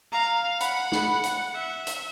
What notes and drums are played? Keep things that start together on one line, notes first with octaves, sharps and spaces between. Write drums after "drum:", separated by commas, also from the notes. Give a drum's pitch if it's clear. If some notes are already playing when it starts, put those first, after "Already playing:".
F5 A#5
F#5 B5, drum: hi-hat
drum: snare
drum: hi-hat
E5
drum: hi-hat